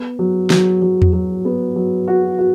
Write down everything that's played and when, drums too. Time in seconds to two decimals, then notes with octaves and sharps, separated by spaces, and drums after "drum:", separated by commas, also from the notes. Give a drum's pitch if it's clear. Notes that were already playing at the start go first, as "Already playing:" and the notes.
Already playing: B3
0.19 F#3
0.50 F#3, drum: snare
0.82 F#3
1.02 drum: tom E2
1.13 F#3
1.45 B3
1.76 F#3
2.08 F#4
2.39 F#4